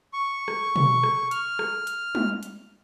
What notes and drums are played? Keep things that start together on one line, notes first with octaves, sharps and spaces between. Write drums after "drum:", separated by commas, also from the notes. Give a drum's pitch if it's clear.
C#6
drum: rim click
drum: tom B2
drum: rim click
F6, drum: hi-hat
drum: rim click
drum: hi-hat
drum: tom G3
drum: hi-hat